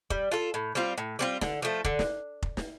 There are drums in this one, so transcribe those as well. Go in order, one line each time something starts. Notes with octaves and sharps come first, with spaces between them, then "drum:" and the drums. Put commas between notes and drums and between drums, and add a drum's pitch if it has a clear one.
G3, drum: kick F1
F4 A4
A2
G3 C4 F4
A2
G3 C4 F4
D3, drum: snare
F3 A3
D3, drum: kick F1
drum: snare
drum: kick F1
drum: snare